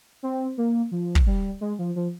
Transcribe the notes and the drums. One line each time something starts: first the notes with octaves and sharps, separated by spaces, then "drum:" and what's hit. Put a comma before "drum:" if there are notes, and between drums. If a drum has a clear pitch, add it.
C4
A#3
F3
drum: kick
G3
G#3
F3
F3